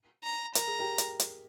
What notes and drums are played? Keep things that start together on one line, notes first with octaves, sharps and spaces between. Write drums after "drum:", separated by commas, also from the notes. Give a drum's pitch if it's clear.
A#5
A#4 A#5, drum: hi-hat
G#4
G4 A#4
drum: hi-hat
drum: hi-hat